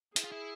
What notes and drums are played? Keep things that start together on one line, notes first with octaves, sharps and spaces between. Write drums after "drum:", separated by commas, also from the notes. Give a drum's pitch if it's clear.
E4 G#4, drum: hi-hat
F4
E4